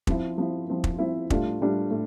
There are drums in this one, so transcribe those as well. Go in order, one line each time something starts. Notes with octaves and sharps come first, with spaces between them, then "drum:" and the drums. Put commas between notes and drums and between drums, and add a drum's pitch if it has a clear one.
F3 C4 E4, drum: kick
F3 C4 E4
F3 C4 E4
drum: kick
F3 C4 E4
A2 G3 D4 F4, drum: kick
A2 G3 D4 F4
A2